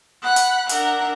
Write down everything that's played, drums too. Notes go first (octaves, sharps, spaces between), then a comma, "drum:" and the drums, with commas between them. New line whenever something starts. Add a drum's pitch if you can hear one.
F#5 B5 F#6
drum: hi-hat
D4 A#4 E5 F#5, drum: hi-hat